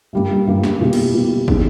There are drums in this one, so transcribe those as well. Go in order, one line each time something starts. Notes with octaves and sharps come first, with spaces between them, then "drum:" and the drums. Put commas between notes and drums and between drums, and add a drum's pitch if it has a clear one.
G2 G3 A#3
G2 G3 A#3
drum: snare
B2 A#3 E4 G4
drum: cymbal
B2 A#3 E4 G4
G3 B3 D#4 G#4, drum: kick